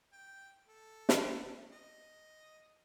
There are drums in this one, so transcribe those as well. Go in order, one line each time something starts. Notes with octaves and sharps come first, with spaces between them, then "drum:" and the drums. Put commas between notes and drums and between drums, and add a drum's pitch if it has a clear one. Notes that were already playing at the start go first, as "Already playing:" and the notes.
G5
A4
drum: snare
D#5